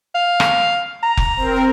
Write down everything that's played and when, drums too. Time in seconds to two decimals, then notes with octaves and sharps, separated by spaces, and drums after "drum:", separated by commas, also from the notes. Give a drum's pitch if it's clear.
0.15 F5
0.40 drum: rim click
1.03 A#5
1.17 drum: kick F1
1.37 C4 A#4